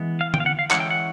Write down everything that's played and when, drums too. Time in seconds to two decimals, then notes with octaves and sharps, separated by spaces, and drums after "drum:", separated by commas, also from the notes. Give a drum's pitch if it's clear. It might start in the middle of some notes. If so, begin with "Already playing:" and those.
Already playing: E3 G#3 B3
0.21 F5
0.34 G5, drum: tom D3
0.40 F5
0.46 F#5
0.59 F5
0.71 E3 G#3 C#4 E4 F#5, drum: clap
0.80 G5
0.90 F#5